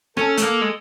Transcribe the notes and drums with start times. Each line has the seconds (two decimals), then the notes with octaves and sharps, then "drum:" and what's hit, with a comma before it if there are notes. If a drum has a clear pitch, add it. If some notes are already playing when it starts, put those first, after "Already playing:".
0.17 C#4 A4, drum: rim click
0.37 A3, drum: hi-hat
0.42 A#3
0.62 G#3